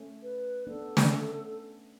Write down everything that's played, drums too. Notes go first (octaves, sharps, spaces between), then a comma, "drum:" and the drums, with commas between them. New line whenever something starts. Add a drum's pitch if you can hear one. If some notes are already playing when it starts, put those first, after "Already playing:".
Already playing: A3 C#4
B4
B3 D4 A4
A3 C#4, drum: snare